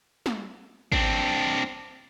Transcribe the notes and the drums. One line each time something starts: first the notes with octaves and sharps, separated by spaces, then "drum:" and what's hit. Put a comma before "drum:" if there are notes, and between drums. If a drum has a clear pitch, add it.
drum: snare
C4 D4, drum: kick G#1